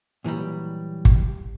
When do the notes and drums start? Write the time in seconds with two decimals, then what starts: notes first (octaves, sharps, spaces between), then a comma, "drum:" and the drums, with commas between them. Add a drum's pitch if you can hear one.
0.24 A#2 E3 F#3 G3
1.05 drum: kick